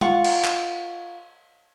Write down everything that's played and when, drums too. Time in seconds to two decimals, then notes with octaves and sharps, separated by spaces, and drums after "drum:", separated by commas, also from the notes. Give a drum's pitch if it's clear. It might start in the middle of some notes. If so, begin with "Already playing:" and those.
0.01 F4 F#5 C#6, drum: tom
0.24 drum: cymbal
0.45 drum: clap